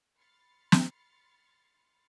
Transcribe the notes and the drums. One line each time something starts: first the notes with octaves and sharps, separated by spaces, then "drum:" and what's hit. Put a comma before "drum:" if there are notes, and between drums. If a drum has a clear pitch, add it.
B5 C6 F6 A6 C7 C#7
drum: snare